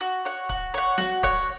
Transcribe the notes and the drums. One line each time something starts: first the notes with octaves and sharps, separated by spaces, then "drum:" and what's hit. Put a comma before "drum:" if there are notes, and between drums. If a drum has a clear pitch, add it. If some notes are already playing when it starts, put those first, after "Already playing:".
F#4
C#5 F#5
F#4, drum: kick C#1
C#5 F#5
F#4, drum: snare
C#5 F#5, drum: kick C#1